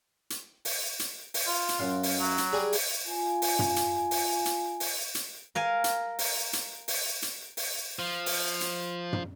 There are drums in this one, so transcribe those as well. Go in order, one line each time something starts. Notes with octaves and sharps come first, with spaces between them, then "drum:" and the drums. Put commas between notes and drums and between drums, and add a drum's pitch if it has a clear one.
drum: hi-hat
drum: open hi-hat
drum: hi-hat
drum: open hi-hat
F4
drum: hi-hat
F#2 F5 C6
drum: open hi-hat
F#3
drum: hi-hat
G3 G4 G#4
drum: open hi-hat
F4 G#5
drum: open hi-hat
drum: tom
drum: hi-hat
drum: open hi-hat
drum: hi-hat
drum: open hi-hat
drum: hi-hat
A#4 F5 G#5
drum: hi-hat
drum: open hi-hat
drum: hi-hat
drum: open hi-hat
drum: hi-hat
drum: open hi-hat
F3
drum: open hi-hat
drum: hi-hat
drum: tom